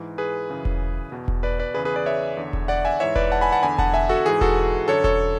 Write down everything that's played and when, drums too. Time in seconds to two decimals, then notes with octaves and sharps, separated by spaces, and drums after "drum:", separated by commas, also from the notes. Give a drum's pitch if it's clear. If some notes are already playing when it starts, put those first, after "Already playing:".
Already playing: G#2 E3
0.18 G#4 B4
0.50 F#2 C#3 E3
0.65 drum: kick E1
1.12 E2 B2
1.28 drum: kick E1
1.43 B4 D5
1.59 B4 D5
1.74 E2 C#3 E3 G#4 B4
1.85 G#4 B4
1.96 B4 D5
2.06 C#5 E5
2.37 E2 D3
2.53 drum: kick E1
2.68 D5 F#5
2.85 E5 G#5
3.00 G#2 E3 C#5 E5
3.16 B4 D5, drum: kick E1
3.32 F#5 A5
3.41 G#5 B5
3.52 F#5 A5
3.62 E2 D3 G#5 B5
3.78 F#5 A5, drum: kick E1
3.94 E5 G#5
4.09 F#4 A4
4.26 G#2 E3 G#4
4.41 F#4 A4, drum: kick E1
4.88 F#2 D3 A4 C#5
5.04 A4 C#5, drum: kick E1